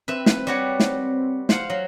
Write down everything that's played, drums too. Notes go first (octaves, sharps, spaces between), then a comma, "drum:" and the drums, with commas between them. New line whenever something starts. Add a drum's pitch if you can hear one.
C4 B4 E5
B4, drum: snare
G3 F#4 C#5
drum: snare
C5 F5 F#5, drum: snare
F#3